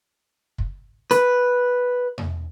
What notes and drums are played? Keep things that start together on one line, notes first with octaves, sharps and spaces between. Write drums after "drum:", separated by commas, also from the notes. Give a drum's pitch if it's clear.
drum: kick
B4, drum: hi-hat
drum: tom E2